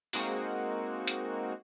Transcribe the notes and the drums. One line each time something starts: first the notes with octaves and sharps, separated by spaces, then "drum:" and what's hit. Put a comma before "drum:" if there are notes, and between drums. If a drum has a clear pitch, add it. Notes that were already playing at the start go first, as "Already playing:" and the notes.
G#3 A#3 C4 D#4 F#4, drum: open hi-hat
drum: hi-hat